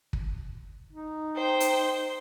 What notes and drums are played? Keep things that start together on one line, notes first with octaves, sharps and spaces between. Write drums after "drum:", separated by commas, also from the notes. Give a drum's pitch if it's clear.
drum: kick
D#4
C5 G5
drum: hi-hat